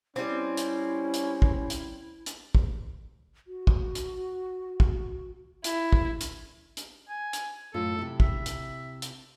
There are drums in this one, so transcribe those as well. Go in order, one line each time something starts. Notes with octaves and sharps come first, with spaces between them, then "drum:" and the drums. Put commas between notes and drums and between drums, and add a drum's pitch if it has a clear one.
G3 C4 C#4 E4
drum: hi-hat
drum: hi-hat
drum: kick
drum: hi-hat
drum: hi-hat
drum: kick
F#4
drum: kick
drum: hi-hat
drum: kick
E4, drum: hi-hat
drum: kick
drum: hi-hat
drum: hi-hat
G#5
drum: hi-hat
F#2 A2 F4 A4
C3 E4
E5, drum: kick
drum: hi-hat
drum: hi-hat